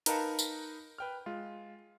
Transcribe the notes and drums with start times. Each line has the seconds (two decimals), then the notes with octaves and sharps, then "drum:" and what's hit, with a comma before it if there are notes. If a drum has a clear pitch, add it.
0.06 D#4 A#4 B4 F5 A5 C#7, drum: hi-hat
0.39 drum: tambourine
0.98 B4 G5 F6
1.26 G#3 F4